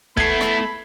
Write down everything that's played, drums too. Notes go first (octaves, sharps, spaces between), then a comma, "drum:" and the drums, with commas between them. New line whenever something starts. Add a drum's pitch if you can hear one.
A3 B3 E4 A4 B5 G#6 C7, drum: kick
drum: rim click